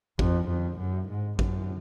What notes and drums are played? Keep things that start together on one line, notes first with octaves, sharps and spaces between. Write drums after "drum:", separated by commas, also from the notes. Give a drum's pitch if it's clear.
F2, drum: kick A1
F2
F#2
G#2
F#2, drum: kick A1